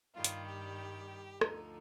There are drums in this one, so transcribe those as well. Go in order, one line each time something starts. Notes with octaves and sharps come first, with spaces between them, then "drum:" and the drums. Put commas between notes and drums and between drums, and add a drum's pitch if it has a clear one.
G2 D#3 G3 F4
drum: hi-hat
G4
D2 D3 F3 D#4, drum: rim click